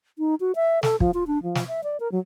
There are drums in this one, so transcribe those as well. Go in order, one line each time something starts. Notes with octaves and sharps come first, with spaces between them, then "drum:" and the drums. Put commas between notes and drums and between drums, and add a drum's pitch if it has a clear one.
D#4
F#4
E5
A4, drum: snare
F3, drum: kick
F4
D4
F3
drum: snare
E5
D5
A#4
F#3